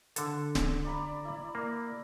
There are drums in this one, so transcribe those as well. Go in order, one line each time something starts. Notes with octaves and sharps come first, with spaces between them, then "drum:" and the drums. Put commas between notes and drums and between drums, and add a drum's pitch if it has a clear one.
D3 A4, drum: hi-hat
drum: snare D1
D5 A#5 B5
E4 D5
A#3